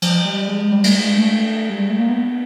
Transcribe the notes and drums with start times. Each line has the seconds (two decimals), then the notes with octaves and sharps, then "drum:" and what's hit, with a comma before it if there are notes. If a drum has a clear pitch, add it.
0.02 F3, drum: cymbal
0.25 G3
0.48 G#3
0.71 G3
0.84 A3, drum: cymbal
0.94 G#3
1.17 A3
1.69 G3
1.79 G#3
1.89 A3
1.99 A#3
2.09 B3